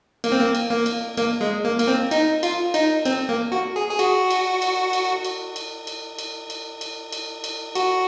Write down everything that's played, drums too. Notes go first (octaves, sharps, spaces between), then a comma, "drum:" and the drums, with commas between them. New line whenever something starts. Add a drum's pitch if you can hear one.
A#3, drum: cymbal
C4
A#3
drum: cymbal
A#3
drum: cymbal
A#3, drum: cymbal
G#3
A#3
A#3, drum: cymbal
C4
D#4, drum: cymbal
F4, drum: cymbal
D#4, drum: cymbal
C4, drum: cymbal
A#3
F#4
G#4
G#4
F#4, drum: cymbal
drum: cymbal
drum: cymbal
drum: cymbal
drum: cymbal
drum: cymbal
drum: cymbal
drum: cymbal
drum: cymbal
drum: cymbal
drum: cymbal
drum: cymbal
F#4, drum: cymbal